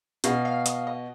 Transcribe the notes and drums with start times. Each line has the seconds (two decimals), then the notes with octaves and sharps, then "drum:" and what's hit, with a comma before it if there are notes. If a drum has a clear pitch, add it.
0.24 B2 F5, drum: hi-hat
0.45 F5
0.66 D#5, drum: hi-hat
0.87 D#5